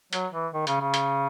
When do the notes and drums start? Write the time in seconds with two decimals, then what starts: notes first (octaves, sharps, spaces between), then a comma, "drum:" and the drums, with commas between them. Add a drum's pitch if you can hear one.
0.13 F#3, drum: hi-hat
0.33 E3
0.53 D#3
0.67 C#3, drum: hi-hat
0.80 C#3
0.94 drum: hi-hat